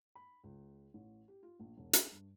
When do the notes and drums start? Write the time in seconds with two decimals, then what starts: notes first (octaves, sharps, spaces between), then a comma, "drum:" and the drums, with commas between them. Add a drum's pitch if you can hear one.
0.15 B5
0.44 C#2
0.94 A1
1.28 G4
1.43 F4
1.60 A#1
1.77 E1
1.93 G#4, drum: hi-hat
2.11 G2